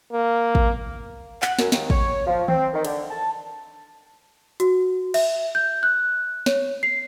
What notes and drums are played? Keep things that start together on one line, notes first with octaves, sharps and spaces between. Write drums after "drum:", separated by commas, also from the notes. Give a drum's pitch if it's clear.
A#3
drum: kick
F#5, drum: clap
F#2, drum: snare
D#2, drum: snare
C#5, drum: kick
F3
C4, drum: tom D#3
D#3
D3, drum: cymbal
A5
F#4, drum: hi-hat
E5, drum: cymbal
G6
F#6
C#5, drum: snare
C7